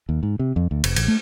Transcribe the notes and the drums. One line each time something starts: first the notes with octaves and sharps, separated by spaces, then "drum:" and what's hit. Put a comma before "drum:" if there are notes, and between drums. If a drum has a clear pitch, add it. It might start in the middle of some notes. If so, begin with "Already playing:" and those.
D#2
G#2
C3
F2
D2
F1, drum: cymbal
A1, drum: cymbal
A3